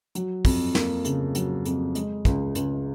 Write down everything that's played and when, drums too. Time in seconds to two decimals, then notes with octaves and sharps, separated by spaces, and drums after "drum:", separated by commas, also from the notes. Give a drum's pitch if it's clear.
0.15 F#3, drum: hi-hat
0.45 F2, drum: kick, open hi-hat
0.75 A#3, drum: snare
1.05 C#3, drum: hi-hat
1.35 F#3, drum: hi-hat
1.65 F2, drum: hi-hat
1.95 G#3, drum: hi-hat
2.25 C#2, drum: kick, hi-hat
2.55 C#2, drum: hi-hat